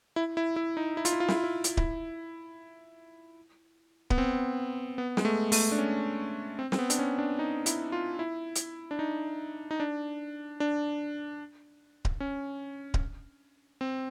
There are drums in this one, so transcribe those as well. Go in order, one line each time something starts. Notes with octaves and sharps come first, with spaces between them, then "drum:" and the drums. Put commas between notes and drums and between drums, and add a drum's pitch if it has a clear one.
E4
E4
E4
D#4
E4
F4, drum: hi-hat
E4
F4
E4, drum: snare
F4
E4
drum: hi-hat
E4, drum: kick D1
B3, drum: kick D1
C4
B3
G#3, drum: snare
A3
A3, drum: open hi-hat
D4
C#4
C4
C4, drum: snare
B3
D4, drum: hi-hat
C#4
D4
D#4
E4, drum: hi-hat
F4
E4
drum: hi-hat
D4
D#4
D#4
D4
D4
drum: kick D1
C#4
drum: kick D1
C4